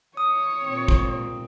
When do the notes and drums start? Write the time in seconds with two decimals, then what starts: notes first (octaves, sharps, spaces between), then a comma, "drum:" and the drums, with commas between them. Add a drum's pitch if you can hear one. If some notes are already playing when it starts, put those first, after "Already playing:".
0.17 C#5 D#6
0.64 A#2 C4
0.88 drum: kick